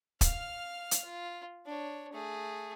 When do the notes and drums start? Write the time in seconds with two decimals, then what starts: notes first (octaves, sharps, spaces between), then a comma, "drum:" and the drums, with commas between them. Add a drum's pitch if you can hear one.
0.21 F5 F6, drum: kick, hi-hat
0.91 drum: hi-hat
1.04 F4
1.65 D4 C#5
2.13 A3 G#4